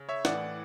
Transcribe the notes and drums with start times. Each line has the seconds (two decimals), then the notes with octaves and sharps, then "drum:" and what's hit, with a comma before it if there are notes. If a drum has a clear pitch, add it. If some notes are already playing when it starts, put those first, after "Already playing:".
Already playing: C#3
0.09 C#5 E5
0.25 A2 E3 D5 F#5, drum: snare